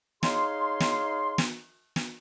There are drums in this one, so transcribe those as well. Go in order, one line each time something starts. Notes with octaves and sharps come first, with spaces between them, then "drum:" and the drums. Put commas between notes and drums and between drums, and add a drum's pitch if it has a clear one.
D#4 G#4 C#5 F5 C6, drum: snare
drum: snare
drum: snare
drum: snare